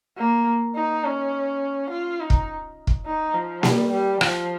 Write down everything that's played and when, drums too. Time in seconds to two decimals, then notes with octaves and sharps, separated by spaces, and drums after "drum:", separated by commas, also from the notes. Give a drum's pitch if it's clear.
0.17 A#3
0.76 D#4
1.04 C#4
1.90 F4
2.20 D#4
2.30 drum: kick
2.87 drum: kick
3.06 D#4
3.34 F3
3.63 G3, drum: snare A#3
3.92 G3
4.21 F3, drum: rim click